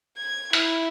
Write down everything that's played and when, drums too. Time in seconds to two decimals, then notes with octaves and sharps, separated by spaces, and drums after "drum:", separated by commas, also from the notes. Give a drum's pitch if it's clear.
0.17 G#6
0.53 E4, drum: hi-hat